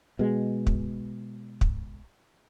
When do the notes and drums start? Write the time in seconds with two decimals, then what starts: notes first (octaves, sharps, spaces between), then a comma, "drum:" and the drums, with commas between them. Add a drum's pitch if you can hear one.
0.19 B2 G#3
0.67 drum: kick
1.61 drum: kick